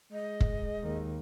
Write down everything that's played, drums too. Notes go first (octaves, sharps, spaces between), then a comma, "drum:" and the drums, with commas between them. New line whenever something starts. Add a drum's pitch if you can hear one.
G#3 D#5
drum: kick
D#2 D#3